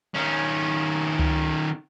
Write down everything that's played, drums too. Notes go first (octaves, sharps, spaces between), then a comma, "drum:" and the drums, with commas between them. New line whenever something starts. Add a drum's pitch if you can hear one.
D#3 C#4
drum: tom C#2